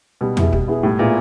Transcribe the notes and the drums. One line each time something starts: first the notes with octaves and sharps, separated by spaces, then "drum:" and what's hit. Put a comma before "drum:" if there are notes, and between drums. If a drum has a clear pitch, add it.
B2 G3
B3 E4 G#4, drum: tom E2
G3, drum: kick
B3 E4 G#4
A2 G3
A#2 B3 E4 G#4